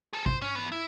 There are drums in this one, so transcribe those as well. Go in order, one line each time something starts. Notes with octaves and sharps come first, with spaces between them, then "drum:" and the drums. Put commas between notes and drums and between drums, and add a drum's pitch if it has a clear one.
G#4 A4
C5, drum: kick
C#4
E2 B3
E4